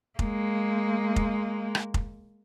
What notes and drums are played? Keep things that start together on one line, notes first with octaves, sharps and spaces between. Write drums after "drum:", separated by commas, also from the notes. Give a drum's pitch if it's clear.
G#3 A#3, drum: kick F1
drum: kick F1
drum: rim click
drum: kick F1